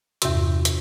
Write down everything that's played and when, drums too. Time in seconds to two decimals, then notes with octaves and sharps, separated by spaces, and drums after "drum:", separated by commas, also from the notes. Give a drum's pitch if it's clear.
0.22 E2 G2 C3 F#4, drum: hi-hat
0.65 drum: hi-hat